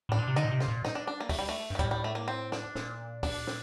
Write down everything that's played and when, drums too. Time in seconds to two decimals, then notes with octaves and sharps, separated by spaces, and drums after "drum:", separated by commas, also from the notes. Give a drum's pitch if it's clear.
0.09 A2 D4
0.19 A#2
0.27 C3
0.36 D3 D#4, drum: hi-hat
0.45 A#2
0.51 C3
0.60 F4, drum: snare
0.68 A#2
0.85 D#4, drum: snare
0.95 D4
1.07 D4
1.20 A#3
1.29 A3, drum: kick, open hi-hat
1.39 G3
1.49 A3
1.70 G2
1.75 A3
1.79 A2 G3, drum: kick, hi-hat
1.91 G3
2.04 A3
2.15 A#3
2.28 C4
2.52 D4, drum: snare
2.75 A#2, drum: snare
3.23 D4, drum: kick, open hi-hat
3.47 drum: snare